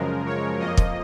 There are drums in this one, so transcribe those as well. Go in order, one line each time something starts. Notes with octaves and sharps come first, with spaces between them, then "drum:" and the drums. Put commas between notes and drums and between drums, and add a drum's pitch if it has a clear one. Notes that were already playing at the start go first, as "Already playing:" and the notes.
Already playing: F#2 C#3 F3 G#3 A#4
C#5
F2 F3 A#3 D#5
drum: kick